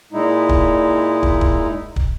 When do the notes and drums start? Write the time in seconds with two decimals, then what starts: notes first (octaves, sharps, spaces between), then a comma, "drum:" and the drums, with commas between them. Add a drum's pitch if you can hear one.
0.13 A#2 G#3 D#4 E4
0.49 drum: kick
1.23 drum: kick
1.41 drum: kick
1.96 drum: kick